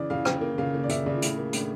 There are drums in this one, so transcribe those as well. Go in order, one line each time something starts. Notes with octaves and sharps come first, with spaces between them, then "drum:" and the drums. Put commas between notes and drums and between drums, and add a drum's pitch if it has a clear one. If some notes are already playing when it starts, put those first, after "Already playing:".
Already playing: C#3 E3 D5
C#3 F5
C#3 G5, drum: rim click
A#3
C#3 F5
A#3
D5
C#3 E5, drum: hi-hat
C#3 D5
F4
A2 E4, drum: hi-hat
A#3
A2 D4, drum: hi-hat